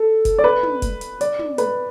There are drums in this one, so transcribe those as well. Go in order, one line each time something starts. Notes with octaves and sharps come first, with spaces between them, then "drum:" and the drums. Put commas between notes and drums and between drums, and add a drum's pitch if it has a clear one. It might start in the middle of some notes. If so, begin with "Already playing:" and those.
Already playing: A4
drum: kick F1, hi-hat
D5
B4
drum: tom
drum: kick F1, hi-hat
drum: hi-hat
D5, drum: hi-hat
drum: tom
B4, drum: hi-hat